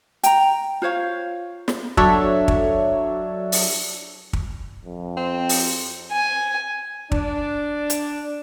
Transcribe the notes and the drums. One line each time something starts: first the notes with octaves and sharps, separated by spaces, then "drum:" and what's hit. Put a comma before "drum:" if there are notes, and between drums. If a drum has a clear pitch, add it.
G5 A#5, drum: hi-hat
F4 C5 C#5 F5
drum: snare
F#3 D4 A4 C#5 E5, drum: kick
drum: kick
drum: open hi-hat
drum: kick
F2
C4
drum: open hi-hat
G#5
D4, drum: kick
drum: hi-hat